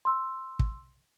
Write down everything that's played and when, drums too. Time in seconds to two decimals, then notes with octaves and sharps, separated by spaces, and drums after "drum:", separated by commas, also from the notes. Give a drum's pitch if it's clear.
0.05 C6 E6
0.59 drum: kick